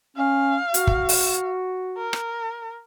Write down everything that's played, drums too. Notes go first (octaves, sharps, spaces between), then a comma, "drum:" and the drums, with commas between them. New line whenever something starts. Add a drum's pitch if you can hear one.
C#4 F5
F#4, drum: hi-hat
drum: kick
drum: open hi-hat
A#4
drum: rim click